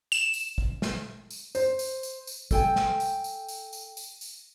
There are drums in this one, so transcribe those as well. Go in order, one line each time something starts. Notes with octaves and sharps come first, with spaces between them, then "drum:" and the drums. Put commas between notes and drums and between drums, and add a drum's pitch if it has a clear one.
E7, drum: tambourine
drum: tambourine
drum: kick
drum: snare
drum: tambourine
C5, drum: tambourine
drum: tambourine
drum: tambourine
drum: tambourine
A4 G5 G#5, drum: kick, tambourine
drum: snare
drum: tambourine
drum: tambourine
drum: tambourine
drum: tambourine
drum: tambourine
drum: tambourine